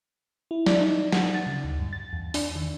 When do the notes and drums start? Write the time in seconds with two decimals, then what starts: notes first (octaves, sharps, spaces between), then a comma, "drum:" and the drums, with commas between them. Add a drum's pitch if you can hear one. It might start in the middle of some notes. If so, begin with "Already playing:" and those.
0.51 E4
0.66 D5, drum: snare
0.81 D#4
1.12 F#5, drum: snare
1.34 A6
1.47 C#3
1.64 D2
1.79 G2
1.93 A6
2.13 E2
2.34 D4, drum: open hi-hat
2.56 D#3